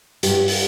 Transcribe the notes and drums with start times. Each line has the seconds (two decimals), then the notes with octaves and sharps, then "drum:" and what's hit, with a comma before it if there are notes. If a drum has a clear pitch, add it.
0.23 G2 G4, drum: hi-hat
0.48 drum: open hi-hat